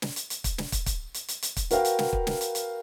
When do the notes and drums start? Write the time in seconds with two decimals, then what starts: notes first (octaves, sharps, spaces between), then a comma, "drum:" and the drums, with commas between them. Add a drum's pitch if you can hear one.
0.02 drum: snare
0.16 drum: hi-hat
0.30 drum: hi-hat
0.44 drum: kick, hi-hat
0.58 drum: snare
0.72 drum: kick, hi-hat
0.86 drum: kick, hi-hat
1.14 drum: hi-hat
1.28 drum: hi-hat
1.42 drum: hi-hat
1.56 drum: kick, hi-hat
1.71 F#4 A#4 B4 F5 G5, drum: hi-hat
1.85 drum: hi-hat
1.99 drum: snare
2.13 drum: kick
2.27 drum: snare
2.41 drum: hi-hat
2.55 drum: hi-hat